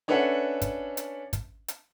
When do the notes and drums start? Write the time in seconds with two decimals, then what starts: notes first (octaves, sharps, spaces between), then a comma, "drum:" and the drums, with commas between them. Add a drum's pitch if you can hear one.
0.08 C#4 D4 A4 B4 E5 F#5
0.62 drum: kick, hi-hat
0.97 drum: hi-hat
1.33 drum: kick, hi-hat
1.68 drum: hi-hat